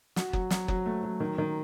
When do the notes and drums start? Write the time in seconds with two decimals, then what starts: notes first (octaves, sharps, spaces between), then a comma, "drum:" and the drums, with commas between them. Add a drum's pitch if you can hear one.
0.16 F#4, drum: snare
0.33 F#3, drum: kick F#1
0.50 F#3, drum: snare
0.68 F#3, drum: kick F#1
0.86 A3
1.03 F#3
1.20 D#3
1.38 D#3